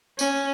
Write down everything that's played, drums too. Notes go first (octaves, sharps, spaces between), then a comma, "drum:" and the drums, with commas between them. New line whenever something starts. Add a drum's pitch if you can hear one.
C#4, drum: tambourine